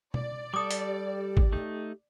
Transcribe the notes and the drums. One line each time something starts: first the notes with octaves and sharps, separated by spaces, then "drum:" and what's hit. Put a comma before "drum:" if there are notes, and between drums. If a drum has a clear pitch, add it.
D5, drum: tom B2
G3 A4 D6 D#6
drum: hi-hat
G4
drum: kick A1
A3 D#4